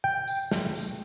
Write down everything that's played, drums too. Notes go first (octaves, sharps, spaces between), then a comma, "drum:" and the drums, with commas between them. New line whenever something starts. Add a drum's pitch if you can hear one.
G5
drum: tambourine
drum: snare
drum: tambourine